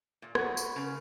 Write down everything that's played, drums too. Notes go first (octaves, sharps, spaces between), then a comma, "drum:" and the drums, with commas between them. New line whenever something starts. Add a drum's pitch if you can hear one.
A#2
F#4 B4, drum: rim click
drum: tambourine
C#3 A#4 A5